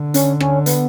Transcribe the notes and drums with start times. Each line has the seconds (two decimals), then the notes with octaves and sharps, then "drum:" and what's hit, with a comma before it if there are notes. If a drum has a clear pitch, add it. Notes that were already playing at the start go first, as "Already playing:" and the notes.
Already playing: D3
0.14 C#4, drum: hi-hat
0.40 C#4, drum: rim click
0.66 B3, drum: hi-hat